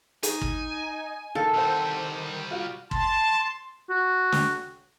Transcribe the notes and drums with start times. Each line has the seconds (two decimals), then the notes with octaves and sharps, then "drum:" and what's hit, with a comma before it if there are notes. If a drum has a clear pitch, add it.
0.23 D#4 G#5, drum: hi-hat
0.41 drum: kick
1.35 D#3 A4 F5
1.54 C3 G3 C5 F#5 E6
2.51 F4 F#4
2.91 A5 C6, drum: kick
3.90 F#4
4.32 drum: snare